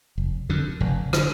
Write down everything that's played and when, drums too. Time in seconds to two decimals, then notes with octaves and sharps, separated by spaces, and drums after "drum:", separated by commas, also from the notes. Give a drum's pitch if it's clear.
0.18 F1
0.50 F2 D3
0.80 F1
1.13 D3, drum: rim click